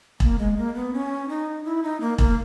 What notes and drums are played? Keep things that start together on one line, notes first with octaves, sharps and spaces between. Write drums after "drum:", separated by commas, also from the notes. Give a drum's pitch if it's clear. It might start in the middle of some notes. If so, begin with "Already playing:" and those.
A#3, drum: kick E1
G#3
A#3
B3
C#4
D#4
E4
D#4
A#3
A#3, drum: kick E1